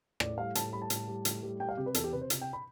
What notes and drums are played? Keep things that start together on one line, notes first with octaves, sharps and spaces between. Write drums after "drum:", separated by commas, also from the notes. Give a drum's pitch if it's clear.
A2 D5, drum: rim click
G3 F5
A2 A5, drum: hi-hat
G3 B5
A5
A2, drum: hi-hat
G3
A2, drum: hi-hat
G3
G3 G5
F5
C3 G4
B4
E2 A4, drum: hi-hat
G4
C3 B4
C5
C3, drum: hi-hat
G5
B5